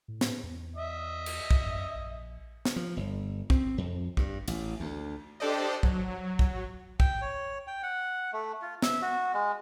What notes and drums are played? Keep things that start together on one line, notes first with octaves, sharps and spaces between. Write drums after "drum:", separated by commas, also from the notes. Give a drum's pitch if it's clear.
A2
drum: snare
E2
D#5 E5
drum: cymbal
drum: kick
F#2
A#1
drum: snare
F3
G1
C4, drum: kick
F2
G2, drum: kick
A1, drum: cymbal
D2
D4 G4 A4 C5 D5 D#5
F#3, drum: kick
drum: kick
G5, drum: kick
C#5
G5
F#5
A3
F4
E5, drum: snare
F#4
G#3